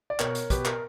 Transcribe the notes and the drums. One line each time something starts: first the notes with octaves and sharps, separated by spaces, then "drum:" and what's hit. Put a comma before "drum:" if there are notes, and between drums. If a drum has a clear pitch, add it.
D5
B2 A#4 C#5, drum: clap
drum: hi-hat
B2 G4 B4, drum: kick, hi-hat
A#4, drum: clap